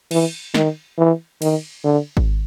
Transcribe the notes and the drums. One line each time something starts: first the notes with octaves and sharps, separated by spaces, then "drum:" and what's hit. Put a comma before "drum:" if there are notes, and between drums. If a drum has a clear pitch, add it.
E3, drum: cymbal
D#3, drum: snare
E3
D#3, drum: cymbal
D3
drum: kick G#1